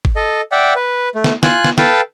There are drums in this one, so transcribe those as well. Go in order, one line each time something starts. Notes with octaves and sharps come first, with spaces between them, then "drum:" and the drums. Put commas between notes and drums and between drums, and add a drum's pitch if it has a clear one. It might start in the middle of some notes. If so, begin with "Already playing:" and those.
drum: kick G1
A4 D#5
D5 E5 F#5 G5
B4
A3
drum: snare
F4 G#5 F#6, drum: snare
drum: snare
A4 B4 F5 G5 A5, drum: snare